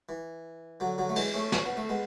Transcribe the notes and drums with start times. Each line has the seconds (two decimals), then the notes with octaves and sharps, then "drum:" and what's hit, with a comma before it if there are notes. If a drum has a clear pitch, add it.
0.09 E3
0.80 D3 F#3
0.98 D3 F#3
1.09 A3
1.16 E3 G#3, drum: cymbal
1.34 A3 C#4
1.52 C#4, drum: snare
1.65 B3
1.77 A3
1.89 G#3 B3